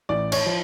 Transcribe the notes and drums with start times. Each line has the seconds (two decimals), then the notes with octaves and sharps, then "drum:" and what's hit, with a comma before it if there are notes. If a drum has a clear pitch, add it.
0.09 A1 D5
0.32 C#5, drum: cymbal
0.46 F3